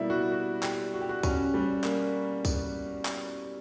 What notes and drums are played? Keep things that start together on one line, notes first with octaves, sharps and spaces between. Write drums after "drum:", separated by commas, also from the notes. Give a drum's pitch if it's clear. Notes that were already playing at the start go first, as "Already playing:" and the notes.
Already playing: B2 G3 A#3 E4
F#4
F#4
G4, drum: clap
F#4
G4
F#4
C#4, drum: kick, tambourine
G3
A#3, drum: clap
drum: kick, tambourine
drum: clap